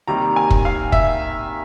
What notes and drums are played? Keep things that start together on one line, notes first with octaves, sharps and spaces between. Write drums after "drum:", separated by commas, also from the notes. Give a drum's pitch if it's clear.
C3 D#3 G3 A#3 A#5
G#5
drum: kick
F5
E5, drum: kick